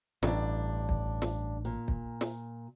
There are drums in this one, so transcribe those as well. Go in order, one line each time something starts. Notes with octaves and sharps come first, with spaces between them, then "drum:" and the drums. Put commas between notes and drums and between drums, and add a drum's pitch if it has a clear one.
A1 G2 D4, drum: snare
drum: kick
drum: snare
A#2
drum: kick
drum: snare